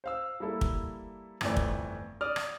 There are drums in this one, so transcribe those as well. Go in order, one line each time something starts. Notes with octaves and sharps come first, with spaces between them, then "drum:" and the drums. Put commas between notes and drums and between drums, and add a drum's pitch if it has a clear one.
C5 F5 E6
G3 A#3 E4 A4
drum: kick
G1 F2 E3 A3 D5, drum: rim click
drum: kick
D5 D#6 F6
drum: rim click